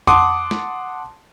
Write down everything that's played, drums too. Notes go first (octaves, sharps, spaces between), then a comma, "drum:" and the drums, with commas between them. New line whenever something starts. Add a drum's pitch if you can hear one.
F#5 A5 C6 D6 D#6, drum: tom F2
drum: snare